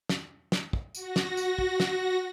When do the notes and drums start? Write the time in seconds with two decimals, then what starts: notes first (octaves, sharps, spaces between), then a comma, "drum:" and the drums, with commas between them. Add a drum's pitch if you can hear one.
0.09 drum: snare
0.52 drum: snare
0.73 drum: kick
0.95 F#4 A#6, drum: tambourine
1.16 drum: snare
1.37 drum: tambourine
1.58 drum: kick
1.80 drum: snare